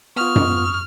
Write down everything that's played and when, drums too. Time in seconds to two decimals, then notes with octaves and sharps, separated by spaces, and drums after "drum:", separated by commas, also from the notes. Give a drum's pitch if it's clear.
0.16 B3 F4 C#6 D#6 F6
0.36 drum: tom F#2